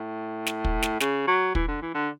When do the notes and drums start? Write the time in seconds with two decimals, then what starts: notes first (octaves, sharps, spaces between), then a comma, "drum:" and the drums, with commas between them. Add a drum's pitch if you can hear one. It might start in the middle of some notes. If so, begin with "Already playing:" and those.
Already playing: A2
0.46 drum: snare
0.64 drum: kick
0.82 drum: snare
1.00 C#3, drum: snare
1.28 F#3
1.55 E3, drum: kick
1.68 D3
1.82 E3
1.95 D3